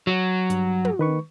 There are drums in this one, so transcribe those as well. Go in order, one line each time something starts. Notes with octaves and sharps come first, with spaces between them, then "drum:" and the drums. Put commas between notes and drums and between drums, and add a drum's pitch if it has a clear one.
F#3
G2, drum: hi-hat
drum: tom
D#3 B4 C#6